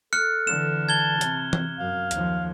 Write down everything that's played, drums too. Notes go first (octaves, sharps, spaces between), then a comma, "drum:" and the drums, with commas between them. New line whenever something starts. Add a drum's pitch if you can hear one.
A4 F6 F#6 C#7
D3 E3 E7
A5 G#6 G7
C3, drum: hi-hat
drum: tom E3
F#2 F5
D#2 F3, drum: hi-hat